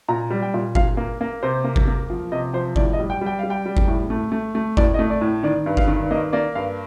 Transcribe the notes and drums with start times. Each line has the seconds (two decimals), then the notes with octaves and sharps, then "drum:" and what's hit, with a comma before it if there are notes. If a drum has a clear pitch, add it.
0.08 A#2 A#5
0.30 G3
0.42 G5
0.54 A#2
0.75 A#2 F5, drum: kick G1
0.97 A#3
1.21 A#3
1.43 C3 C5
1.64 A#3
1.76 drum: kick G1
1.88 A#3
2.10 F3
2.32 C3 D#5
2.53 F3 C5
2.76 A2 D5, drum: kick G1
2.93 D#5
2.99 G3
3.10 G5
3.21 G3 G5
3.39 G3 F5
3.50 G5
3.66 G3
3.77 drum: kick G1
3.88 A2
4.10 A3
4.32 A3
4.55 A3
4.77 A2 D5, drum: kick G1
4.94 D#5
4.99 A3
5.10 D5
5.21 A2
5.43 D#3 D5
5.66 G2
5.77 F5, drum: kick G1
5.88 D#3
6.11 A#3 D#5
6.33 A#3 D5
6.55 G2 F5